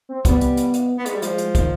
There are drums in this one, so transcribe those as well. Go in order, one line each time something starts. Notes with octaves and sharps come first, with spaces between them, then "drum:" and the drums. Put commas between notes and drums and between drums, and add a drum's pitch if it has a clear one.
C4
G3 B3, drum: kick, hi-hat
drum: hi-hat
drum: hi-hat
drum: hi-hat
B3
G#3, drum: hi-hat
G3
F3 G#3, drum: hi-hat
drum: hi-hat
D#3, drum: kick, hi-hat